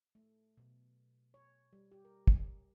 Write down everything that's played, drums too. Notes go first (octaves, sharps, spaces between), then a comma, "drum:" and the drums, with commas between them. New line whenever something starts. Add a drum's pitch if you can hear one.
A3
B2
C#5
G3
G4
A#4
drum: kick